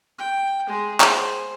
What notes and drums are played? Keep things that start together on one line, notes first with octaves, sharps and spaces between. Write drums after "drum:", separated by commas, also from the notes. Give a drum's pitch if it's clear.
G5
G#3 G#4
G#4 C5, drum: clap